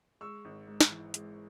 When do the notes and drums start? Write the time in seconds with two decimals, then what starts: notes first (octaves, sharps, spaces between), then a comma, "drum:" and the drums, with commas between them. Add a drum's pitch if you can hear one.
0.21 G#3 C#6 E6
0.45 G#1
0.67 G#2
0.81 drum: snare
0.90 E3
1.14 G#3, drum: hi-hat